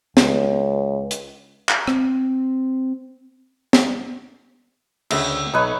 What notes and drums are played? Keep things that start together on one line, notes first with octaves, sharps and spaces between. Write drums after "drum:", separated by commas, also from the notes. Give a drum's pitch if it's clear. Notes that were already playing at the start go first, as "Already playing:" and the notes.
C#2, drum: snare
drum: hi-hat
drum: clap
C4, drum: rim click
drum: snare
D2 C#3 E5 G5, drum: cymbal
B1 D#4 B4 C#5